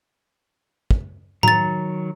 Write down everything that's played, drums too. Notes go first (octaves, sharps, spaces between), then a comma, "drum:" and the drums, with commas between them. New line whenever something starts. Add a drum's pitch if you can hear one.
drum: kick
D#3 F#3 A#5 A6, drum: tom A2